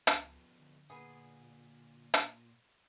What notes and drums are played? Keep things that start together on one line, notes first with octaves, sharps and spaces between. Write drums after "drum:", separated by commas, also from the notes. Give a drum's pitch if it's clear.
C#2 F3 B3, drum: hi-hat
D3
A#2 B3 G#4
drum: hi-hat